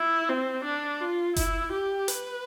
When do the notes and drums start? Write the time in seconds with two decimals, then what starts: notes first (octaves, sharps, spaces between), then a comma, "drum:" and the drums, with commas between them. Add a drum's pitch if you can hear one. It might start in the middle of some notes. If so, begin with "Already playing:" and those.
Already playing: E4
0.29 C4
0.65 D4
1.00 F4
1.36 E4, drum: kick F#1, hi-hat
1.72 G4
2.08 B4, drum: hi-hat